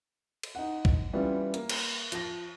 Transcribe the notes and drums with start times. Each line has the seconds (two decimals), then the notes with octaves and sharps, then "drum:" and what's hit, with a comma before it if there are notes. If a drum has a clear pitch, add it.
0.43 drum: cymbal
0.55 D#4 F#5
0.85 drum: kick
1.13 E3 G3 B3 C#4 E4 F4
1.54 A#3, drum: hi-hat
1.69 drum: cymbal
2.12 F3 A#6, drum: hi-hat